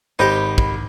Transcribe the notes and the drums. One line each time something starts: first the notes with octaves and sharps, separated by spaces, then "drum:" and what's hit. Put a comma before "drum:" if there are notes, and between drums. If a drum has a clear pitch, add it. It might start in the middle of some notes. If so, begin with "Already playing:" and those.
G#1 D#4 G4 C5 B5 G6
drum: kick